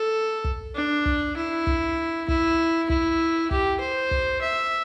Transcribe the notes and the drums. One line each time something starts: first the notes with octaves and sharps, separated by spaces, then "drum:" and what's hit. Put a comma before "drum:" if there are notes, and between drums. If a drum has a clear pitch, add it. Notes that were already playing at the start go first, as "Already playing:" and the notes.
Already playing: A4
drum: kick
D4
drum: kick
E4
drum: kick
E4, drum: kick
E4, drum: kick
G4, drum: kick
C5
drum: kick
E5